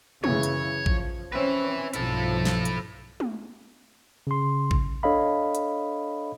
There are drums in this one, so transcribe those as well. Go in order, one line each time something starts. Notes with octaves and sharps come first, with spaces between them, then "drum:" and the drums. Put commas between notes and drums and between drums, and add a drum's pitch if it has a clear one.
F#2 C#3 E3 C#5, drum: tom
drum: hi-hat
F3, drum: kick A1
C4 C#4 B4 E5
B1 G2 F3 E4 A4, drum: hi-hat
drum: snare
drum: hi-hat
drum: tom
C#3 C6
drum: kick A1
D4 A4 C#5 D#5 F5 B5
drum: hi-hat